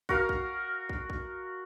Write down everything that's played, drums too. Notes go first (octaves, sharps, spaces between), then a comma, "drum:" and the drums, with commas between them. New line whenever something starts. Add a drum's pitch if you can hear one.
F#4 A#4 F5, drum: kick
drum: kick
drum: kick
drum: kick